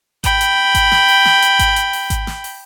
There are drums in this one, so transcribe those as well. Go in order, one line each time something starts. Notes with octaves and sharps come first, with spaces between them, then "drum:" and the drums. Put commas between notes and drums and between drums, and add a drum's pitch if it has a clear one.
G5 B5, drum: kick G#1, hi-hat
drum: hi-hat
drum: kick G#1, hi-hat
drum: snare
drum: open hi-hat
drum: snare
drum: hi-hat
drum: kick G#1, hi-hat
drum: hi-hat
drum: open hi-hat
drum: kick G#1, hi-hat
drum: snare
drum: open hi-hat